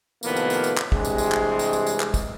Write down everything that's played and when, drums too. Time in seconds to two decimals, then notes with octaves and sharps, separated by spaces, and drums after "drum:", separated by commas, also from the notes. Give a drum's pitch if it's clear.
0.23 A2 C3 D#3 F3 A#3 B3, drum: tambourine
0.36 drum: tambourine
0.50 drum: tambourine
0.64 drum: tambourine
0.77 drum: clap
0.92 G2 C3 E3 G#3, drum: kick
1.05 drum: tambourine
1.18 drum: tambourine
1.32 drum: clap
1.59 drum: tambourine
1.73 drum: tambourine
1.87 drum: tambourine
2.00 drum: clap
2.14 drum: kick, tambourine